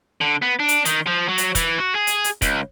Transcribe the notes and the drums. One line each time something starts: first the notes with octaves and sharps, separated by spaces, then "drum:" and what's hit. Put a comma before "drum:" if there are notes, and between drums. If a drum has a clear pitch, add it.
D3
B3
D4
drum: hi-hat
D#3, drum: hi-hat
F3
F#3
drum: hi-hat
E3, drum: kick, hi-hat
F#4
G#4
drum: hi-hat
drum: hi-hat
C#2, drum: kick, hi-hat